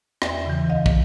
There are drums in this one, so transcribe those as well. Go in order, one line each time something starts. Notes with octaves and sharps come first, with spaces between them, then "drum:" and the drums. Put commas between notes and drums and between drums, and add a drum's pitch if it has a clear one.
E2 D5 E5, drum: rim click
C#3 E3
D2 D#5 F5
drum: kick